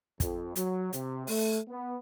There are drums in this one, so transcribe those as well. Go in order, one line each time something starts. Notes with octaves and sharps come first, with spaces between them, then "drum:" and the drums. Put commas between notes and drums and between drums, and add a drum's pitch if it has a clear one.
F2, drum: kick, hi-hat
F#3, drum: hi-hat
C3, drum: hi-hat
A3, drum: open hi-hat
B3